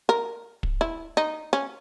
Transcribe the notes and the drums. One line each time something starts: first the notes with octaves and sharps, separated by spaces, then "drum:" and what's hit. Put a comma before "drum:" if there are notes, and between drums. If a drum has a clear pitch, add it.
A#4
drum: kick
E4
D#4
C#4